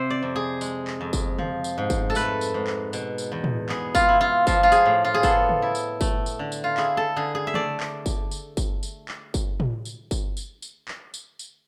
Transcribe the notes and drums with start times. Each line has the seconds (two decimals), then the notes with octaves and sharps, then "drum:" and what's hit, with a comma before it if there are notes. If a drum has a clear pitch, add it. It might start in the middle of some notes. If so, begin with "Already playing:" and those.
Already playing: C3 C5
0.10 D5
0.23 F2
0.36 G#4
0.61 G#3, drum: tambourine
0.87 drum: clap
1.01 F2
1.13 drum: kick G1, tambourine
1.38 F3, drum: tom C#3
1.64 drum: tambourine
1.78 G#2
1.90 drum: kick G1, tambourine
2.10 A4
2.15 A3 B4, drum: tambourine
2.41 drum: tambourine
2.54 G#2
2.67 drum: clap
2.93 B2, drum: tambourine
3.18 drum: tambourine
3.32 E2
3.44 drum: tom
3.69 B3 G#4, drum: clap
3.95 F4, drum: kick G1, tambourine
4.09 E4
4.21 F4
4.47 F3 F4, drum: kick G1, tambourine
4.63 F4
4.72 G#4, drum: tambourine
4.86 A2
5.04 F4
5.14 G#4
5.23 B3 A4, drum: kick G1, tambourine
5.49 drum: tom C#3
5.62 E4
5.75 drum: tambourine
6.01 A3, drum: kick G1, tambourine
6.26 drum: tambourine
6.39 D3
6.52 drum: tambourine
6.64 F4
6.77 E4 G#4, drum: clap
6.97 A4
7.16 D3 G#4
7.35 G#4
7.47 E5
7.54 A3 D5, drum: tom C#3
7.80 drum: clap
8.06 drum: kick G1, tambourine
8.31 drum: tambourine
8.57 drum: kick G1, tambourine
8.83 drum: tambourine
9.08 drum: clap
9.34 drum: kick G1, tambourine
9.60 drum: tom
9.85 drum: tambourine
10.11 drum: kick G1, tambourine
10.37 drum: tambourine
10.62 drum: tambourine
10.88 drum: clap
11.14 drum: tambourine
11.39 drum: tambourine